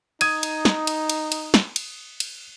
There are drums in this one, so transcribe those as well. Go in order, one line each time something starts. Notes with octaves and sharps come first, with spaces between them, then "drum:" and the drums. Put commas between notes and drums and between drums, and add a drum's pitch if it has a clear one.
D#4 D#6 G#6 D#7, drum: cymbal
drum: cymbal
drum: snare
drum: cymbal
drum: cymbal
drum: cymbal
drum: snare
drum: cymbal
drum: cymbal